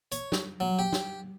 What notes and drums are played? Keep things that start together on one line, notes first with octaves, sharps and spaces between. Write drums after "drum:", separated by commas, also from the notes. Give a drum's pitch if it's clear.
C#5, drum: hi-hat
drum: snare
F#3
G4
drum: snare